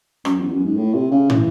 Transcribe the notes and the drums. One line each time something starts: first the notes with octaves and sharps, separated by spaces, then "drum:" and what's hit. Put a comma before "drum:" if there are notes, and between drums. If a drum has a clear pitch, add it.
F#2, drum: rim click
E2
F#2
G#2
A2
C3
C#3
E3, drum: tom